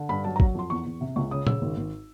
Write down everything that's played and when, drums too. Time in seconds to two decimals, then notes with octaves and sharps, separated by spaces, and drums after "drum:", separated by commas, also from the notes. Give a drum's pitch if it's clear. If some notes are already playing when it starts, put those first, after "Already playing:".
Already playing: D3
0.09 G2 B5
0.24 F#3 A5
0.36 A#5
0.40 F#3, drum: kick
0.55 F2 C6
0.70 E2 C#6
0.85 E2
1.01 C3
1.16 C#2 C#6
1.31 C#3 D#6
1.47 C#3 E6, drum: tom A#2
1.62 G#1
1.77 G#1